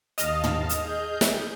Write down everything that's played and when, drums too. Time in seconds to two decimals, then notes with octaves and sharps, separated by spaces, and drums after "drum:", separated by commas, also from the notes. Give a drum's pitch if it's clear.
0.18 D#2 D#5 F5 A5 F6, drum: hi-hat
0.44 drum: tom
0.69 drum: hi-hat
0.79 G#4 G6
1.21 drum: snare